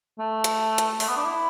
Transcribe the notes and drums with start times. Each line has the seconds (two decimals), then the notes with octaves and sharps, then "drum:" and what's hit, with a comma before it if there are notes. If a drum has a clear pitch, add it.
0.19 A3
0.44 drum: hi-hat
0.78 drum: hi-hat
1.00 A3, drum: open hi-hat
1.08 B3
1.17 D4
1.25 E4